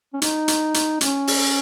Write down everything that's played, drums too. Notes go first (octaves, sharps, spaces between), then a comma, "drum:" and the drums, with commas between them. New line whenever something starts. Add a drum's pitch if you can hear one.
C#4
D#4, drum: hi-hat
drum: hi-hat
drum: hi-hat
C#4, drum: hi-hat
drum: open hi-hat